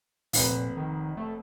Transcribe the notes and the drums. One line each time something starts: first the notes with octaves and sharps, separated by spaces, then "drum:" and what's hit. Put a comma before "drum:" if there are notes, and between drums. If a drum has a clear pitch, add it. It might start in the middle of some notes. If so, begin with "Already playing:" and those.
F1 A#2 B4 F5, drum: open hi-hat
D#3
A3